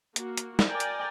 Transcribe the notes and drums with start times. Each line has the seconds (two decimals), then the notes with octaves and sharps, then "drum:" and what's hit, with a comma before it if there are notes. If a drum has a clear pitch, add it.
0.16 A#3 F#4, drum: hi-hat
0.37 drum: hi-hat
0.59 drum: snare
0.70 A#4 D5 G5 G#5 A#5
0.80 drum: hi-hat